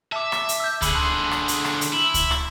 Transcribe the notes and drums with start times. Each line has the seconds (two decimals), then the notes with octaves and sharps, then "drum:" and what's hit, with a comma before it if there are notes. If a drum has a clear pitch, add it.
0.12 E5 A5 D6
0.32 drum: rim click
0.49 drum: hi-hat
0.60 E6 G6
0.82 D3 G#4 B5 E6 F#7, drum: kick C#2, hi-hat
0.95 A5 C6 F#6
1.31 drum: rim click
1.48 drum: hi-hat
1.65 drum: rim click
1.81 drum: hi-hat
1.93 E4
2.14 drum: kick C#2, hi-hat
2.31 drum: rim click